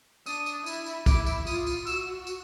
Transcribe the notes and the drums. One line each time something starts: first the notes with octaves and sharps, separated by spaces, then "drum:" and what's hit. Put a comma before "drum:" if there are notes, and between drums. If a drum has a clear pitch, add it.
D4 D#6, drum: tambourine
drum: tambourine
E4, drum: tambourine
drum: tambourine
E4 D6, drum: kick, tambourine
drum: tambourine
F4 D#6, drum: tambourine
drum: tambourine
F#4 E6, drum: tambourine
drum: tambourine